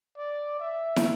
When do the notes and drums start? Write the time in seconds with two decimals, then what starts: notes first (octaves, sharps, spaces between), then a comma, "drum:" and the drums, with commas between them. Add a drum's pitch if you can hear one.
0.18 D5
0.59 E5
0.96 drum: snare